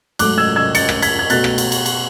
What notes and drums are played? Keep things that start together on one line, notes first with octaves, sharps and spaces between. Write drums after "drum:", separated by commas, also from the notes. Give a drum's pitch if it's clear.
G#2 F#3 A3 D6 F#6, drum: cymbal
E6 G#6
E6 G#6
A6 C#7, drum: cymbal
drum: rim click
G#6 B6, drum: cymbal
G#6
B2 A3 F#6 A6, drum: cymbal
drum: rim click
drum: cymbal
drum: cymbal
drum: cymbal